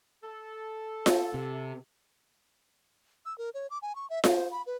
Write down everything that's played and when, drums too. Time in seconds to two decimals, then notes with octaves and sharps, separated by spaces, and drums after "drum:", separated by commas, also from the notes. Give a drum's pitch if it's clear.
0.24 A4
1.06 drum: snare F4
1.34 C3
3.26 E6
3.38 A#4
3.54 C#5
3.70 D6
3.82 G#5
3.95 C#6
4.10 E5
4.24 F5, drum: snare F4
4.36 C5
4.51 B5
4.66 B4